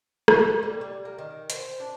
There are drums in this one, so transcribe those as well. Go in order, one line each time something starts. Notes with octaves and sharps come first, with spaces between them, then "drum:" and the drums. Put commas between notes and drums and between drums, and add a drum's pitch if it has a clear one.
drum: rim click
G3
G3
A#3
D#3
C5, drum: hi-hat
D4